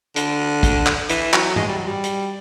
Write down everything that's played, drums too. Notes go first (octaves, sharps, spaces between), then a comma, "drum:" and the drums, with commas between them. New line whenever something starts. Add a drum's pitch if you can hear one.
D3, drum: hi-hat
drum: kick, hi-hat
drum: clap
E3, drum: hi-hat
F#3, drum: clap
G#3, drum: tom G#2
G3
F#3
G3
drum: hi-hat